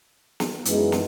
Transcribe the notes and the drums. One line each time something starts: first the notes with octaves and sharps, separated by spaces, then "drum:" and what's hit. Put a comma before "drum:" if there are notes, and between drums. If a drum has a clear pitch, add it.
drum: snare
F#2 E3 G#3 B3 D#4, drum: hi-hat
drum: snare